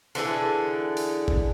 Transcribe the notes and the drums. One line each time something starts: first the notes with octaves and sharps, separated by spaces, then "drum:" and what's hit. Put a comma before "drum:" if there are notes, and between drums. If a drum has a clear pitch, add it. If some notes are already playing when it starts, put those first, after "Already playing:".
D3 E3 G#4 A4, drum: open hi-hat
drum: open hi-hat
drum: kick G1